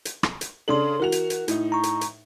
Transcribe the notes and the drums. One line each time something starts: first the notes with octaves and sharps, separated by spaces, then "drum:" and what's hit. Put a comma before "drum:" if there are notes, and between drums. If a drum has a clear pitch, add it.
drum: hi-hat
drum: rim click
drum: hi-hat
C#3 D4 A4 C6 F#7
E3 F#4 A#4 F7
drum: hi-hat
drum: hi-hat
A2 D#4, drum: hi-hat
A#5 C#6
drum: hi-hat
drum: hi-hat